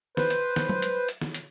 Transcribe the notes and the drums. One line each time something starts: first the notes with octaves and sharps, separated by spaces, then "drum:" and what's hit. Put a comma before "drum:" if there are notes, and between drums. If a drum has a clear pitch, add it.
B4 C5, drum: snare
drum: hi-hat
drum: snare
drum: tom F#3
drum: hi-hat
drum: hi-hat
drum: snare
drum: hi-hat